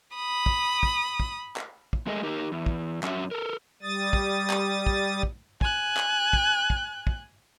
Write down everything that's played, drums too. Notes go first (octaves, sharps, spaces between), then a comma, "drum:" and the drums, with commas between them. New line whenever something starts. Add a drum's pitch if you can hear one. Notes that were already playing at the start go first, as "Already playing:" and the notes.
B5 D#6
drum: kick
drum: kick
drum: kick
drum: clap
drum: kick
G#3 A3 G#4 A#4 D#5
D#4 G4 A#4
E2
drum: kick
F#2 C#4 F#4 G4 E5, drum: clap
A4 A#4
G3 D#6 A6
drum: kick
drum: clap
drum: kick
drum: kick
G#5 F#6, drum: kick
drum: clap
drum: kick
drum: kick
drum: kick